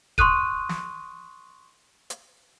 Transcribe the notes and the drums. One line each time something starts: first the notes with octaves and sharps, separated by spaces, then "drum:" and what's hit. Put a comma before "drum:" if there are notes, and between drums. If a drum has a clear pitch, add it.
C6 C#6 D#6 F#6 D#7, drum: kick
drum: snare
drum: hi-hat